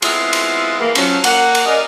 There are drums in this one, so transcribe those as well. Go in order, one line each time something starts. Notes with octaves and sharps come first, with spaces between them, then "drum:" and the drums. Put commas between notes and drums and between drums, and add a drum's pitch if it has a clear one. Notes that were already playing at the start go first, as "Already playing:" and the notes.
G#3 B3 C4 E4 F4 G#4, drum: cymbal
drum: cymbal
E3 A#3
F3 F#3 C#4, drum: cymbal
A#3 F#5, drum: cymbal
drum: cymbal
C#4 G#4 A#4 D5 D#5